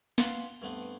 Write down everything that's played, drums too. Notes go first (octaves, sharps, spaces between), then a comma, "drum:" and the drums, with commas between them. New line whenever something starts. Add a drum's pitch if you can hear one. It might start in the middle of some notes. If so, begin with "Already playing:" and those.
B4 F5 F#5 G#5 B5 C6, drum: snare
drum: tambourine
G2 A3 B3 C4, drum: tambourine
drum: tambourine